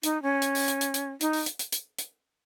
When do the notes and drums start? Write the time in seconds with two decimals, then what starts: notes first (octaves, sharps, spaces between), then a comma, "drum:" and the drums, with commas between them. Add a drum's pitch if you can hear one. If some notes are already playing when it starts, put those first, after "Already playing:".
0.03 D#4, drum: hi-hat
0.23 C#4
0.42 drum: hi-hat
0.55 drum: open hi-hat
0.68 drum: hi-hat
0.81 drum: hi-hat
0.94 drum: hi-hat
1.21 D#4, drum: hi-hat
1.33 drum: open hi-hat
1.46 drum: hi-hat
1.59 drum: hi-hat
1.72 drum: hi-hat
1.99 drum: hi-hat